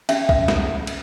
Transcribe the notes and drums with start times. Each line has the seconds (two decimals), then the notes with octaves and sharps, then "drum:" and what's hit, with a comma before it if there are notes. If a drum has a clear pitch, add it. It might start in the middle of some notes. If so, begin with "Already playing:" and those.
0.09 C#4 E5, drum: cymbal
0.29 E5, drum: kick
0.48 drum: snare
0.87 drum: cymbal